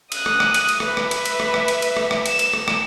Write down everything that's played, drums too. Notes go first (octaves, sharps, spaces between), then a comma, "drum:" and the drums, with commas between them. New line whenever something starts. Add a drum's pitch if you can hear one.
D#6 F#6, drum: cymbal
drum: rim click
drum: rim click
drum: cymbal
drum: cymbal
B4 E5, drum: rim click
drum: rim click
drum: cymbal
drum: cymbal
drum: rim click
drum: rim click
drum: cymbal
drum: cymbal
drum: rim click
drum: rim click
E7, drum: cymbal
drum: cymbal
drum: rim click
drum: rim click